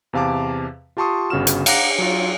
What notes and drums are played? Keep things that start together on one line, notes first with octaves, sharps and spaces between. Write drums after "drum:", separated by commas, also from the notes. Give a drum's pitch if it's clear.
E2 C3 F5 A5 D6
F4 G4 A5 C6 C#6 D#6
G1 C#3 F#4 F6 E7
drum: hi-hat
F5 F#5 A#5 D6 F#6 A#6, drum: cymbal
F#3 F4